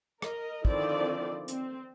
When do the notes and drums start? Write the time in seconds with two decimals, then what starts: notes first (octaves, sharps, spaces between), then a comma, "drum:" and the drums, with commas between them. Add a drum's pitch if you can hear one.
0.22 A#4 D#5, drum: rim click
0.65 D3 D#3 F3 C4 E4 D5, drum: kick
1.48 C4, drum: hi-hat